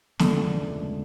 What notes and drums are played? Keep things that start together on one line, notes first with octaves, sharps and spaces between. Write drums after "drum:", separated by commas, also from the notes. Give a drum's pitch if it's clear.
E1 C#2 D3 A3, drum: snare